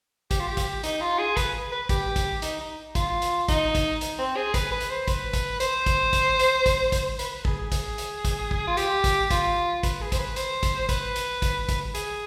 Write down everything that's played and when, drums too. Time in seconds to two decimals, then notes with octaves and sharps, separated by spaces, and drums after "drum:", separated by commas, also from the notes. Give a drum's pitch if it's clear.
0.31 G4, drum: kick, hi-hat
0.40 F4
0.48 G4
0.57 drum: kick, hi-hat
0.83 D#4, drum: hi-hat
1.01 F4
1.19 G#4
1.37 B4, drum: kick, hi-hat
1.72 B4
1.89 G4, drum: kick, hi-hat
2.16 drum: kick, hi-hat
2.42 D#4, drum: hi-hat
2.61 D#4
2.95 F4, drum: kick, hi-hat
3.22 drum: hi-hat
3.48 D#4, drum: kick, hi-hat
3.75 drum: kick, hi-hat
4.01 drum: hi-hat
4.19 C4
4.36 G#4
4.54 B4, drum: kick, hi-hat
4.71 B4
4.81 drum: hi-hat
4.90 C5
5.08 B4, drum: kick, hi-hat
5.33 drum: kick, hi-hat
5.60 C5, drum: hi-hat
5.86 drum: kick, hi-hat
6.13 drum: kick, hi-hat
6.39 drum: hi-hat
6.66 drum: kick, hi-hat
6.92 drum: kick, hi-hat
7.19 B4, drum: hi-hat
7.32 B4
7.45 G#4, drum: kick
7.59 G#4
7.72 drum: kick, hi-hat
7.98 drum: hi-hat
8.25 drum: kick, hi-hat
8.51 drum: kick
8.67 F4
8.77 G4, drum: hi-hat
9.04 drum: kick, hi-hat
9.31 F4, drum: kick, hi-hat
9.83 B4, drum: kick, hi-hat
10.01 G#4
10.12 C5, drum: kick, hi-hat
10.19 B4
10.36 C5, drum: hi-hat
10.63 drum: kick, hi-hat
10.89 B4, drum: kick, hi-hat
11.16 drum: hi-hat
11.42 drum: kick, hi-hat
11.69 drum: kick, hi-hat
11.95 G#4, drum: hi-hat